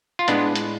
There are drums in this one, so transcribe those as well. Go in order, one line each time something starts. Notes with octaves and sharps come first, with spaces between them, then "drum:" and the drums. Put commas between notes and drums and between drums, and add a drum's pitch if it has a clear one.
F4
A2 G#3 B3 D4, drum: hi-hat
drum: hi-hat